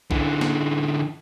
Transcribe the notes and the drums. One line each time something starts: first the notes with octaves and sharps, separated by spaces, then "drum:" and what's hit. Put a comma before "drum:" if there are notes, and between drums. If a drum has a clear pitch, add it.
D3 E3, drum: kick
drum: snare